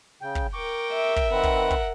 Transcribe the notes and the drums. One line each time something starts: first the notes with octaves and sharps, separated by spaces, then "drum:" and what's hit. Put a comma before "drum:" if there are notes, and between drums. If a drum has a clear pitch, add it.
C#3 G5
drum: kick
A#4 G5 C#6 D6
E5
drum: kick
D#3 C4 A#4 B4 F#5
drum: kick
drum: kick